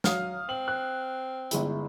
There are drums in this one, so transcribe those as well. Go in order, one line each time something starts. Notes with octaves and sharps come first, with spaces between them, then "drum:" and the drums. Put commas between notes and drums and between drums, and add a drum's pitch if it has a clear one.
F#3 F5 D#6 F6, drum: snare
C4 F#7
F#6
G1 G#3 E4, drum: hi-hat